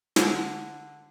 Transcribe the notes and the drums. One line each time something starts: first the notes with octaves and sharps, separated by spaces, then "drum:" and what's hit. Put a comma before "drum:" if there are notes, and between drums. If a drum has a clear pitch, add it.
D3, drum: snare